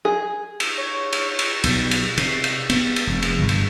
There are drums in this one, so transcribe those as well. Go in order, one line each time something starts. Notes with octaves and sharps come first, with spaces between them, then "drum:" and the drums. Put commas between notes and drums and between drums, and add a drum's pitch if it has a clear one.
G#4
drum: cymbal
C#5
drum: cymbal
drum: cymbal
B1, drum: cymbal
drum: cymbal
C3, drum: cymbal
drum: cymbal
B3, drum: cymbal
drum: cymbal
F1
drum: cymbal
G1
drum: cymbal